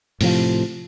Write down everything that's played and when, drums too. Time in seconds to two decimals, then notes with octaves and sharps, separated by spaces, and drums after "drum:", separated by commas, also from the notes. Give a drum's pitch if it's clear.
0.21 A2 C3 E3 F3, drum: open hi-hat